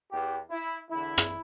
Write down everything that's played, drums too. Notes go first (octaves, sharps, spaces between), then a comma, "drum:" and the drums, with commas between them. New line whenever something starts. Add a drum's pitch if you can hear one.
E2 E3 G4
E4
E2 D3 E4
drum: rim click